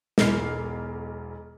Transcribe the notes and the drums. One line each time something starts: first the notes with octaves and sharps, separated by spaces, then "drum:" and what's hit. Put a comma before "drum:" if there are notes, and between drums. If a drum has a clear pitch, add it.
E1 B1 F6 C7, drum: snare